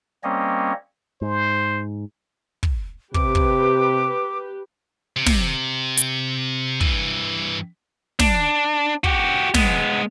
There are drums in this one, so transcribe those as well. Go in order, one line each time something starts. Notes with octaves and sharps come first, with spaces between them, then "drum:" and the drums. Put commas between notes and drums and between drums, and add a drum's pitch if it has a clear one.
G3 A#3 C4 C#4 C#5 D#5
G#2 C5
drum: kick
C3 G4 B4 D6, drum: kick
drum: kick
C3
drum: snare
drum: hi-hat
G2 E3, drum: kick
D4, drum: snare
F#4 G4, drum: kick
G#3 B3, drum: snare